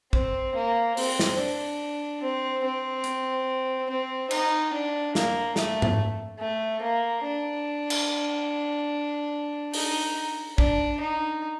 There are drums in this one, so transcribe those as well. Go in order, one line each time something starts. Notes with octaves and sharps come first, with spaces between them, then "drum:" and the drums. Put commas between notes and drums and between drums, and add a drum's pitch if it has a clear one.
C4, drum: kick
A#3
C4, drum: open hi-hat
drum: snare
D4
C4
C4
drum: hi-hat
C4
D#4, drum: cymbal
D4
A#3, drum: snare
A3, drum: snare
drum: tom G#2
A3
A#3
D4
drum: cymbal
D#4, drum: open hi-hat
D4, drum: kick
D#4